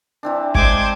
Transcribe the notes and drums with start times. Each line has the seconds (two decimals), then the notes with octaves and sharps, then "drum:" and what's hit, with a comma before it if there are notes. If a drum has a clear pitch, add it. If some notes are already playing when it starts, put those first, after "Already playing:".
0.23 E3 C4 D4
0.55 G#3 C5 D6 G#6, drum: kick G#1